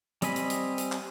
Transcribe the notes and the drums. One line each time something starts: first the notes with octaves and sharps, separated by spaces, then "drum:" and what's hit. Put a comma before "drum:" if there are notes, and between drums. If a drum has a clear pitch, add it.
G3 C4 D#5 G#5 B5, drum: hi-hat
drum: hi-hat
drum: hi-hat
drum: hi-hat
drum: clap